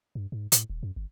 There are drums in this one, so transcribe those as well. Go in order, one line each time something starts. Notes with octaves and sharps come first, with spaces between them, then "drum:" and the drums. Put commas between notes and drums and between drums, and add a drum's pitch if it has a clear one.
G2
G#2
A2, drum: hi-hat
D#1
F#2
G1